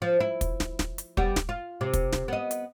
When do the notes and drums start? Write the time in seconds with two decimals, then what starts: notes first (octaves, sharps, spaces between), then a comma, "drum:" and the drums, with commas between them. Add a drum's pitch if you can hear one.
0.02 F3
0.20 E4
0.41 drum: kick, hi-hat
0.60 drum: snare
0.79 drum: snare
0.98 drum: hi-hat
1.17 G3 B3, drum: kick
1.36 drum: snare
1.49 F4
1.81 C3
1.93 drum: kick, hi-hat
2.13 drum: snare
2.28 B3 D#5
2.51 drum: hi-hat